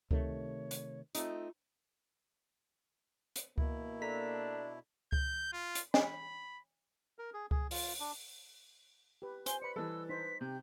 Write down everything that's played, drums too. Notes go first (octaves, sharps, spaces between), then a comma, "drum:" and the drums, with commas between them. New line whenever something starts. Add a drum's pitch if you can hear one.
C3 D#3 A3 C#5, drum: kick C#2
drum: hi-hat
A3 C4 D#4 F4, drum: hi-hat
drum: hi-hat
B2 A#3 E4, drum: kick C#2
D4 A4 A#5 B6
G6, drum: kick C#2
F4
drum: hi-hat
B5, drum: snare
A#4
G#4
G#4, drum: kick C#2
F4, drum: open hi-hat
D4
G4 B4
C5 G#5 G7, drum: hi-hat
B4 D5 B5 C#7
E3 G3 A4 D#5 E6
D#4 C5 B6
C3 G4 G6